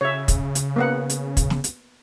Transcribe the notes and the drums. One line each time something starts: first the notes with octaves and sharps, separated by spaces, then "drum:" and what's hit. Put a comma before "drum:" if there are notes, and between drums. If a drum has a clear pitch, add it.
C#3 C#5 E5
drum: kick, hi-hat
drum: hi-hat
A#3 B3 F#5
drum: hi-hat
drum: kick, hi-hat
drum: snare
drum: hi-hat